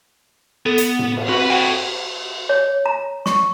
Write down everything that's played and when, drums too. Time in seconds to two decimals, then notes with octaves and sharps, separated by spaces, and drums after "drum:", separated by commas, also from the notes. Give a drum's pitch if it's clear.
0.66 B3 A4
0.78 drum: hi-hat
0.99 drum: tom A2
1.16 drum: cymbal
1.29 C4 F#4 B4
1.50 A4 F#5 G5
2.49 C#5
2.86 A#5
3.26 C#6, drum: snare